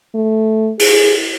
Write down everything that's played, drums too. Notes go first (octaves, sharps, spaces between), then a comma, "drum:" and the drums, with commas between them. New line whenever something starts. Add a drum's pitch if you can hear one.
A3
G#4, drum: open hi-hat